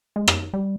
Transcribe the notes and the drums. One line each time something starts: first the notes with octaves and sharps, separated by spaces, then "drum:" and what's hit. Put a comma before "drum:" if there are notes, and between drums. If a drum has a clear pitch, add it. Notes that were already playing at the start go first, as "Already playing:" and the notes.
G#3
drum: rim click
G3